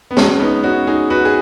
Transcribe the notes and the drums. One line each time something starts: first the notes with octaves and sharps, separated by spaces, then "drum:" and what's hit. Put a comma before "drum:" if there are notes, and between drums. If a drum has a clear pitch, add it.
B3
G#3 C#4, drum: snare
B3 D#4
C#4 F#4
D#4 G#4
F#4 B4
G#4